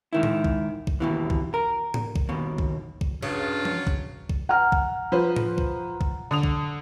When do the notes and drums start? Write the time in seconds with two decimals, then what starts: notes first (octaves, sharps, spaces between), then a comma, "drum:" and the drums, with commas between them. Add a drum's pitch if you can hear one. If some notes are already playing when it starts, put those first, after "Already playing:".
0.13 G#2 D#3 E4
0.23 drum: tom A2
0.44 drum: kick
0.87 drum: kick
1.00 D#2 B2 E3
1.30 drum: kick
1.54 A#4
1.94 drum: tom A2
2.16 drum: kick
2.29 D#2 B2
2.58 drum: kick
3.01 drum: kick
3.23 G2 C#3 F#3 F4
3.65 drum: tom F3
3.87 drum: kick
4.29 drum: kick
4.49 F#5 A#5 F6
4.72 drum: kick
5.12 F3 B4 C5
5.36 drum: tom A2
5.58 drum: kick
6.01 drum: kick
6.31 D3 D#6 F7
6.43 drum: kick